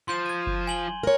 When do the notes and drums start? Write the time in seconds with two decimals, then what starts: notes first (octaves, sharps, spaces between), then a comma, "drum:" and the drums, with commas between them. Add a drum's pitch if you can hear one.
0.08 F3 C6 G6 E7
0.26 G#6 D#7
0.47 drum: kick F#1
0.67 G#5 F#7 G7
1.03 A#4 C#5